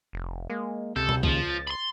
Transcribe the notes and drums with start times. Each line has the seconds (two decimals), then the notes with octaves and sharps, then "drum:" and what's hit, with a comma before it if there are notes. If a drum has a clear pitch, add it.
0.13 F1
0.50 G#3 A#3
0.96 C#2 C3 A4 G6
1.09 drum: tom B2
1.23 D#2 C#3 F3, drum: kick
1.50 A6
1.67 B5 C6